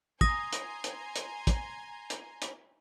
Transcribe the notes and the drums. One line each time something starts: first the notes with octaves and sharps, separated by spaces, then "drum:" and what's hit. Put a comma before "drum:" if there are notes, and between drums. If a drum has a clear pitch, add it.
G#5 A#5 C6 D#6 A#6, drum: kick
drum: hi-hat
drum: hi-hat
drum: hi-hat
drum: kick, hi-hat
drum: hi-hat
drum: hi-hat